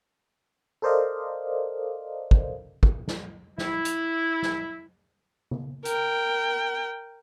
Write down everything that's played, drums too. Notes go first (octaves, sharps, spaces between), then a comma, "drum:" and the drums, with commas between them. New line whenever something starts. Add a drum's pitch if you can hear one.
A4 A#4 C5 D5 D#5 F5
drum: kick
drum: kick
drum: snare
E4, drum: snare
drum: hi-hat
drum: snare
drum: tom C#3
A#4 G5, drum: hi-hat